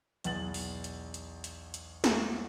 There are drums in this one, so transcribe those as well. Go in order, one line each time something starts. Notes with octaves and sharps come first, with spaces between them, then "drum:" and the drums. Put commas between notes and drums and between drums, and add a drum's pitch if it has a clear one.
B1 E2 B3 A6 F#7, drum: hi-hat
drum: open hi-hat
drum: hi-hat
drum: hi-hat
drum: hi-hat
drum: hi-hat
drum: snare